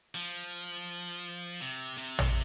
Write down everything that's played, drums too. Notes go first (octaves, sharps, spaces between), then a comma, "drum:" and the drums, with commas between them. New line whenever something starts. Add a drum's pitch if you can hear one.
F3
C3
C3
drum: tom